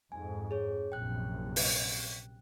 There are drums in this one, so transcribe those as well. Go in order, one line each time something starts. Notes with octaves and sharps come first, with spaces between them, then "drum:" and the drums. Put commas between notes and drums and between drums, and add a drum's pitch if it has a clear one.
F2 G#2 G#5
G#4 C#5
A#1 F#2 C3 G5 F#6
drum: open hi-hat